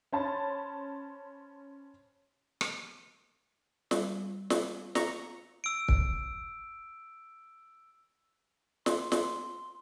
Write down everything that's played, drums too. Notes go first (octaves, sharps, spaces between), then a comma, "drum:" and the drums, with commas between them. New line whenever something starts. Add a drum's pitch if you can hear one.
C#4 C5 A5 B5 A6
drum: rim click
G3, drum: snare
drum: snare
A#5 C#6, drum: snare
E6 D7
drum: kick
C6, drum: snare
drum: snare